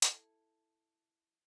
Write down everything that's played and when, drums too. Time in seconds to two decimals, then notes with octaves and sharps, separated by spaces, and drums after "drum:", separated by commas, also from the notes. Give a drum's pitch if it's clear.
0.02 E4 A4, drum: hi-hat